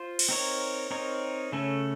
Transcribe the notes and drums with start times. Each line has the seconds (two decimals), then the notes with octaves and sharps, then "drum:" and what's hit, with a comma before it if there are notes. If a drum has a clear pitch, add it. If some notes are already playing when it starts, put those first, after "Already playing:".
Already playing: F4 C5
0.19 drum: cymbal
0.29 C4 D#4 A#4 C#5
0.91 C4 D#4 A#4 C#5
1.52 C#3 A3 C#4 A4